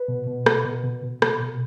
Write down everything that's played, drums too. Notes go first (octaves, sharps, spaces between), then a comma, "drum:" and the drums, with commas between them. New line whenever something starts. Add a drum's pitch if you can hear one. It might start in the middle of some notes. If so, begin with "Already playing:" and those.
Already playing: B4
B2
B2
B2, drum: rim click
B2
B2
B2
B2, drum: rim click
B2